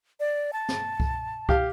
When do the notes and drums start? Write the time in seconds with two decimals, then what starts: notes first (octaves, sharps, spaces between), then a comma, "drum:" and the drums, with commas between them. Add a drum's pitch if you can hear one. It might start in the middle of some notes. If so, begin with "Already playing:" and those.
0.20 D5
0.53 A5
0.69 drum: snare
1.00 drum: kick C2
1.49 G4 F5, drum: kick C2